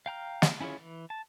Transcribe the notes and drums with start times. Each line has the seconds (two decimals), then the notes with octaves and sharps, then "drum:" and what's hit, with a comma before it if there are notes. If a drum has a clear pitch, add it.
0.06 F5 G5 A#5 F6
0.42 drum: snare
0.60 C#4 E4 F4 G#4 C#5
0.79 E3
1.10 A5